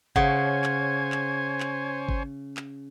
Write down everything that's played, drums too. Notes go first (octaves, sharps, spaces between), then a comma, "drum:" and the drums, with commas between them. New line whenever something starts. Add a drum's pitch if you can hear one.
C#3 C5 C#5 F#5 G#5 G#6, drum: kick G#1
drum: clap
drum: clap
drum: clap
drum: kick G#1
drum: clap